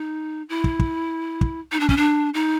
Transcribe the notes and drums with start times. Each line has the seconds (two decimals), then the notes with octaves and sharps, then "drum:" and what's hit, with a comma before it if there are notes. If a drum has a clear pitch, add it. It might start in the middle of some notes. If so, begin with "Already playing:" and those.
Already playing: D#4
0.49 E4
0.64 drum: kick
0.79 drum: kick
1.41 drum: kick
1.72 D#4
1.80 D4
1.89 C#4, drum: kick
1.97 D4
2.34 D#4